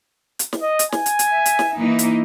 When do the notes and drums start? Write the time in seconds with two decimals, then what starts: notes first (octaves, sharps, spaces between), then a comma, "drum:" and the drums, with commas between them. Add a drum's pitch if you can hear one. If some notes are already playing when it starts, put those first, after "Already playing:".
0.39 drum: hi-hat
0.53 drum: snare
0.62 D#5
0.79 drum: hi-hat
0.92 G#5, drum: snare
1.06 drum: hi-hat
1.19 drum: hi-hat
1.28 E5
1.46 drum: hi-hat
1.59 drum: snare
1.78 E3 A#3 D#4
1.99 drum: hi-hat